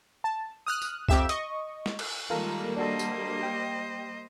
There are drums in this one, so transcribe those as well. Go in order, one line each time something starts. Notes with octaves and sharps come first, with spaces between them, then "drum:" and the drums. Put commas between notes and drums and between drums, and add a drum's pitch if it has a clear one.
A5
D#6 F6 F#6
drum: tambourine
F2 G4 E5 E7, drum: kick C#2
D#5 C#6, drum: hi-hat
drum: snare
drum: cymbal
D#3 G3 G#3 A#3 F4 A4 A#4
D4 F#4 A4 C5 D#5
drum: tambourine
G5